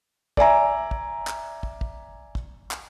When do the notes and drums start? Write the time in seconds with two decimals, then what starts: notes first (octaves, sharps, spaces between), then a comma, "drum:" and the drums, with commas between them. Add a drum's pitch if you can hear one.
0.37 D5 E5 G#5 A#5, drum: kick
0.91 drum: kick
1.27 drum: clap
1.63 drum: kick
1.81 drum: kick
2.35 drum: kick
2.71 drum: clap